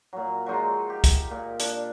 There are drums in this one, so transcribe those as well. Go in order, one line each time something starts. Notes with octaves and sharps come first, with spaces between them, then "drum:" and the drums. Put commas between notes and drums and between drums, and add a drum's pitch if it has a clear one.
A#2 F#3
F#3 G#3 D#4 F4
G4
drum: kick C2, hi-hat
A#2
D4, drum: hi-hat